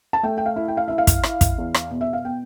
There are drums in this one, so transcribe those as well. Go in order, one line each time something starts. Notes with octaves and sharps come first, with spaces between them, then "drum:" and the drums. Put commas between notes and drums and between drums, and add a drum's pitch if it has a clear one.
A5
A3 G5
G5
F5
E4
G5
F5
E4 E5
F5
drum: kick, hi-hat
E4, drum: rim click
drum: kick, hi-hat
E2
drum: rim click
B2
E5
F5
B2 G5